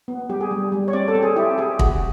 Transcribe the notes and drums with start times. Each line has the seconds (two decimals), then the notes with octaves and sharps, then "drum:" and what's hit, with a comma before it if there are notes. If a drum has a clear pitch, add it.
0.08 B3
0.29 G3 G4
0.41 G#4
0.51 G3
0.72 G3
0.88 C#5
0.93 C4 D5
1.08 A4
1.15 C4
1.23 G#4
1.36 E4 G4
1.58 G4 G#4
1.79 F#4 G#4, drum: kick